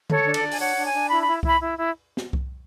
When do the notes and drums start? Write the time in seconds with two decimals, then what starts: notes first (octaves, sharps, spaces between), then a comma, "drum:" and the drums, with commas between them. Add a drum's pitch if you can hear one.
0.10 A4 C#5, drum: tom D3
0.26 D4
0.34 D5, drum: cymbal
0.43 D4
0.51 G#5, drum: open hi-hat
0.59 C#5 F#5
0.76 D4
0.84 G#5
0.93 D4
1.09 E4 B5
1.22 E4 B5
1.43 E4 B5, drum: kick C2
1.59 E4
1.76 E4
2.17 drum: snare
2.33 drum: kick C2